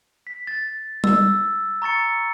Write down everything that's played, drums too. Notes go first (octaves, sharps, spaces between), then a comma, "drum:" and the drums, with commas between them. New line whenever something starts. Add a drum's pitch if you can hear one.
B6
A6
E6, drum: tom G3
A#5 C#6 A6 C#7